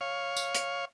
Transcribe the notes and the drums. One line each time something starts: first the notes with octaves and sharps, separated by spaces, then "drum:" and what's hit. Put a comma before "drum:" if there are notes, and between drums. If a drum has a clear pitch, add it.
C#5 F5
drum: tambourine
drum: hi-hat